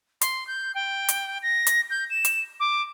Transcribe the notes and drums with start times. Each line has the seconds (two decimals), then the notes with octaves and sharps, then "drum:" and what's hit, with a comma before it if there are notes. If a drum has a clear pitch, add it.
0.21 C6, drum: hi-hat
0.47 G6
0.75 G5
1.09 drum: hi-hat
1.43 A#6
1.67 drum: hi-hat
1.90 G6
2.10 E7
2.25 drum: hi-hat
2.60 D6